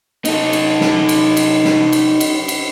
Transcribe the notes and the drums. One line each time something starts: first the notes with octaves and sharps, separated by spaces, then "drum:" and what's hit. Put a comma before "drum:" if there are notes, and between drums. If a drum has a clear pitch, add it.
D#4 A4, drum: cymbal
drum: cymbal
drum: snare
drum: cymbal
drum: cymbal
drum: snare
drum: cymbal
drum: cymbal
drum: cymbal